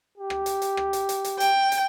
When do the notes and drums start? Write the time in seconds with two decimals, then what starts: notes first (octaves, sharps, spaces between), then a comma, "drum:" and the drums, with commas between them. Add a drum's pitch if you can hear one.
0.18 G4
0.30 drum: rim click
0.46 drum: hi-hat
0.62 drum: hi-hat
0.77 drum: rim click
0.93 drum: hi-hat
1.09 drum: hi-hat
1.24 drum: hi-hat
1.40 G5, drum: hi-hat
1.72 drum: hi-hat